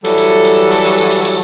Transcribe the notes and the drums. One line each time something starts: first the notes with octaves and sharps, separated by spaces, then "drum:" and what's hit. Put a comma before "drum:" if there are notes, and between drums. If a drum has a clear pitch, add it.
E3 F#3 G3 A4, drum: hi-hat
drum: hi-hat
drum: hi-hat
drum: hi-hat
drum: hi-hat
drum: hi-hat
drum: hi-hat
drum: hi-hat